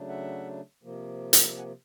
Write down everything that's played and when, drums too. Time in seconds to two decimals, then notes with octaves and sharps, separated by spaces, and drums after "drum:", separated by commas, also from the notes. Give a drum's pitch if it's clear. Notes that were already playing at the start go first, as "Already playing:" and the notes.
Already playing: C#3 F#3 A3 D4
0.09 E5 F#5
0.83 C3 F3 A#3
1.33 drum: hi-hat
1.58 F#5 G#5